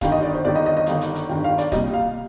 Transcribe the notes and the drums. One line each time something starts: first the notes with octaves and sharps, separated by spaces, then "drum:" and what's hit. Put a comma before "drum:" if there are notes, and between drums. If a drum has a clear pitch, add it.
G1 G2 D#3 F5, drum: kick, hi-hat
D#5
D5
C5
G1 G2 D#3 D5
D#5
D#5
D#5
G1 G2 D#3 F5, drum: hi-hat
drum: hi-hat
drum: hi-hat
G1 G2 D#3 G5
F5
D5, drum: hi-hat
C2 A#2 G3 D#5, drum: kick, hi-hat
F5